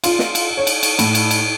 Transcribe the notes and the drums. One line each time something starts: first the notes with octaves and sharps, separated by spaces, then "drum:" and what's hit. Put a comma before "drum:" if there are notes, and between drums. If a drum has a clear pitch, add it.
F4, drum: cymbal
drum: snare
drum: cymbal
C#5
drum: cymbal
drum: cymbal
A2, drum: cymbal
drum: cymbal
drum: cymbal